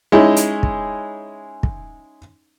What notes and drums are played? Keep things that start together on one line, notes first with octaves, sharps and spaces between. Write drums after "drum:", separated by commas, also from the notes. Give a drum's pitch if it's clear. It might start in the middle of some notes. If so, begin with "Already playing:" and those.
G#3 C#4 D#4 E4
drum: hi-hat
drum: kick
drum: kick